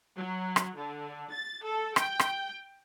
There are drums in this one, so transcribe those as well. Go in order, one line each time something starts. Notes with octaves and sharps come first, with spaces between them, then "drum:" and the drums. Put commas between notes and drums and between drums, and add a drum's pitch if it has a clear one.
F#3
drum: rim click
D3
A6
A4
G5, drum: rim click
drum: rim click